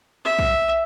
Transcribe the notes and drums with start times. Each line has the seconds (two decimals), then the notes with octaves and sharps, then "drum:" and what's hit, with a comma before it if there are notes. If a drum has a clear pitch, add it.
0.25 E5
0.39 drum: kick